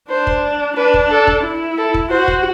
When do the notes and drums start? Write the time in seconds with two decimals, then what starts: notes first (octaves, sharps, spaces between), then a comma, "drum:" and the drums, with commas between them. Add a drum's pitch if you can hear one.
0.10 D4 C5
0.27 drum: kick
0.77 D4 B4
0.94 drum: kick
1.11 A4
1.27 drum: kick
1.44 E4
1.78 A4
1.94 drum: kick
2.10 F#4 C5
2.28 drum: kick